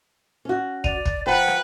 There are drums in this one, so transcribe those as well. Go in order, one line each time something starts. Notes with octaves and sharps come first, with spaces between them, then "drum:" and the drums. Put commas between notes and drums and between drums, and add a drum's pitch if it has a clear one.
C#4 F#4
D5 D#7 F7, drum: kick
drum: kick
F3 B4 F#5 G5 A#5
drum: rim click